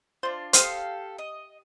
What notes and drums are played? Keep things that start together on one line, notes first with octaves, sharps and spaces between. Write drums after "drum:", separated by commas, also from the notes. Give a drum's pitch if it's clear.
D4 F4 C5
G4 A4 C5 F5 D#6, drum: hi-hat
D#5